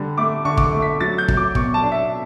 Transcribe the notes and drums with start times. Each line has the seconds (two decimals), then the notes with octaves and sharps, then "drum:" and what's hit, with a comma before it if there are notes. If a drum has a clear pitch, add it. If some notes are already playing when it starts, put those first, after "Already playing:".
Already playing: D3 G3
0.18 A3 D6
0.45 D3 C#6
0.57 D6, drum: kick
0.63 C#6
0.73 A3
0.82 B6
1.01 F#3 A6
1.18 G6
1.28 F#3, drum: kick
1.37 D6
1.55 B2 C#6, drum: kick
1.74 A5
1.83 D4
1.92 E5